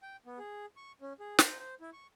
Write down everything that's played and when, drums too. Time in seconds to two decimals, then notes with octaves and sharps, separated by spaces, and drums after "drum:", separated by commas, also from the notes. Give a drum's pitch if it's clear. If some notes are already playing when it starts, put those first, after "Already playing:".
0.02 G5
0.26 B3
0.39 G#4
0.77 C#6
1.01 C#4
1.20 G#4
1.39 C5, drum: snare
1.59 C5
1.81 E4
1.93 C#6